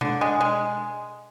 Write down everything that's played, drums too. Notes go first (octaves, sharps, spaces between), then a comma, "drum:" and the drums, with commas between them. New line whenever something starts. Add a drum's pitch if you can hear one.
D3, drum: tom B2
G#3
G#3